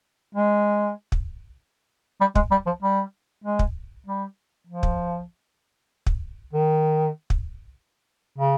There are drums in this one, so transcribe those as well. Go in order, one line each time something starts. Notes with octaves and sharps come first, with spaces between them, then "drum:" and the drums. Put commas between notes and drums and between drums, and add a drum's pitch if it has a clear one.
G#3
drum: kick
G3
G#3, drum: kick
G3
F3
G3
G#3
drum: kick
G3
F3
drum: kick
drum: kick
D#3
drum: kick
C#3